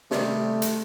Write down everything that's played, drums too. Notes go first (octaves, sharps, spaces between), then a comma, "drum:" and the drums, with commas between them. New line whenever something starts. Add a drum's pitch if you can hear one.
C3 D#3 G3 A3, drum: snare
drum: hi-hat